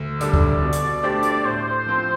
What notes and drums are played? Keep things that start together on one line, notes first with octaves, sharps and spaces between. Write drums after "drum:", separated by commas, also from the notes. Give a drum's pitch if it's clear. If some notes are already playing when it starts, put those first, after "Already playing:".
Already playing: D2
D3 G3 D4 A4 D5, drum: hi-hat
drum: kick C#2
B2
drum: hi-hat
A3 D4 G4 C5
drum: hi-hat
A2 C5
F3 C4